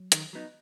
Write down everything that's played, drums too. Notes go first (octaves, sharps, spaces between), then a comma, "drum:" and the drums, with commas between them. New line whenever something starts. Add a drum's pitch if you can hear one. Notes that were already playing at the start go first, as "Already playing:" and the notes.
Already playing: F#3
D#3, drum: hi-hat
F#3 B3 D#4